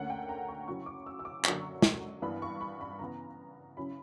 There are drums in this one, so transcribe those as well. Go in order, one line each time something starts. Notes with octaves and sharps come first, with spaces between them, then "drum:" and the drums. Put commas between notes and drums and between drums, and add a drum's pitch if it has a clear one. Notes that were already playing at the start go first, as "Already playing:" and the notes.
Already playing: D2 D3 A#3 C#4 F#5
G5
A#5
C#6
C#3 F#3 C#4 E4 C#6
D6
E6
E6
D6
F#2 D3 F#3 A#3 D4 C#6, drum: clap
drum: snare
G2 E3 B3 D4 B5
C#6
B5
B5
C#3 E3 B3 A#5
C#3 F#3 C#4 E4 B5